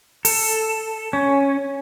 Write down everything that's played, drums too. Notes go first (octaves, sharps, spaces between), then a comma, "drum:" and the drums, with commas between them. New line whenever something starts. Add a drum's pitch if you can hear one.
A4, drum: open hi-hat
C#4